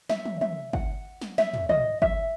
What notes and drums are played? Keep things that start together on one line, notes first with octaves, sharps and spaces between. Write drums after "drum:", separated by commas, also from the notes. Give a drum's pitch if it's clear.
E5, drum: snare
drum: tom
E5, drum: tom
F#5, drum: kick G1
drum: snare
E5, drum: snare
drum: tom
D#5, drum: tom
E5, drum: kick G1